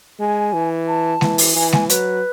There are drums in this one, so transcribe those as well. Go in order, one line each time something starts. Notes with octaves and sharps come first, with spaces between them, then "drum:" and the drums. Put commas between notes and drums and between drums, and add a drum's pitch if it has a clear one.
G#3 G#5
E3
A5
E3, drum: snare G#3
drum: open hi-hat
E3 G#5
G#5, drum: snare G#3
F#3 B4, drum: hi-hat